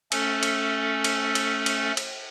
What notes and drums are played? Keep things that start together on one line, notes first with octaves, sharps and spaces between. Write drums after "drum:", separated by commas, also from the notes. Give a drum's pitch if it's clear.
A3 C#4 A4, drum: cymbal
drum: cymbal
drum: cymbal
drum: cymbal
drum: cymbal
drum: cymbal